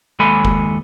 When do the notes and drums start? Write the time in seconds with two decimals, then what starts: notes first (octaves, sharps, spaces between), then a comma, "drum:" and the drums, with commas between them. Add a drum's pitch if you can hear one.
0.19 D#2 G#3 A4 G#5 B5
0.45 drum: kick F1